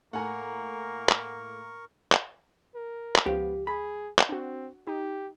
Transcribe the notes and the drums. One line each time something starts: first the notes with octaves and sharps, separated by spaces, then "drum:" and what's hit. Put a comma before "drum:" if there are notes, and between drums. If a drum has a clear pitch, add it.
A2 A3 A#3 A#4 F#5 G#5 A#5 C#6
drum: clap
drum: clap
A#4
drum: clap
C#2 F3 B3 G4 F5
G#4 B5
drum: clap
C4 D4 F#4
D#4 G4